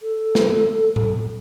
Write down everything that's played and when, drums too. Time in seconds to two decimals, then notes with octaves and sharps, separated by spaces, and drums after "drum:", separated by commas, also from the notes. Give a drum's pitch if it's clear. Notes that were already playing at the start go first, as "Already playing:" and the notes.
0.02 A4
0.35 drum: snare
0.96 drum: tom A2